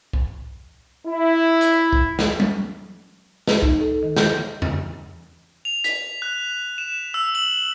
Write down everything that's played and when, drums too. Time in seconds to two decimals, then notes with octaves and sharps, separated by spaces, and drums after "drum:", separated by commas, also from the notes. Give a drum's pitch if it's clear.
0.13 drum: kick
1.07 E4
1.61 drum: hi-hat
1.93 drum: kick
2.19 drum: snare
2.40 drum: tom F#3
3.47 B4, drum: snare
3.62 D#4, drum: kick
3.81 A4
4.03 D#3
4.17 G6, drum: snare
4.62 drum: tom E2
5.65 F7
5.84 B6, drum: hi-hat
6.22 F#6
6.78 E7
7.14 E6
7.35 F#7